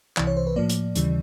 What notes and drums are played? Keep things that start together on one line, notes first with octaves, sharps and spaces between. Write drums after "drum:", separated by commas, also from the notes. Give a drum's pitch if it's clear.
C2 C3 E3 D5, drum: clap
C#5
C5
B4
A2 F3 A#3 D5
drum: hi-hat
D#2 C#3 E3 G3, drum: hi-hat